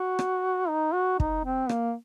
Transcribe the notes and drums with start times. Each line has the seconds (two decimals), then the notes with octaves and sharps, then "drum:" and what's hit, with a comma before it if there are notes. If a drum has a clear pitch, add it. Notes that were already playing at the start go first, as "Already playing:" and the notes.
Already playing: F#4
0.19 drum: rim click
0.68 D#4
0.94 F#4
1.20 D#4, drum: kick
1.45 C4
1.69 A#3, drum: rim click